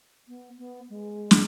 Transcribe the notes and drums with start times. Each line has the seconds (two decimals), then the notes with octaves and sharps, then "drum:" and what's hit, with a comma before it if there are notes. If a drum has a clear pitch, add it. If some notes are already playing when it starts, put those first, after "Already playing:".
0.28 B3
0.58 B3
0.90 G#3
1.31 drum: snare